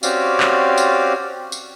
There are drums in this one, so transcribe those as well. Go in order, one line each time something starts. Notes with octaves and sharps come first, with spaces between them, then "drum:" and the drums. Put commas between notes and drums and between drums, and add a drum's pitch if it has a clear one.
C4 C#4 F#4 G4 D5 F5, drum: tambourine
drum: clap
drum: tambourine
drum: tambourine